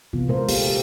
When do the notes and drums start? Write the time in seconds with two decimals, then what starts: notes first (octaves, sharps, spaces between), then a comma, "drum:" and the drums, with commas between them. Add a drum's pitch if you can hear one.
0.13 C3 E3 B3 F4
0.28 A#2 G#3 A#4 C5 F5
0.49 A#3 F4 G4 A4 F5, drum: open hi-hat
0.69 G4